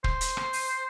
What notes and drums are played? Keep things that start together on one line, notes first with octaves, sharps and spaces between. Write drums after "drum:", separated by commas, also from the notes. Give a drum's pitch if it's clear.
C5, drum: kick
drum: hi-hat
drum: rim click
drum: open hi-hat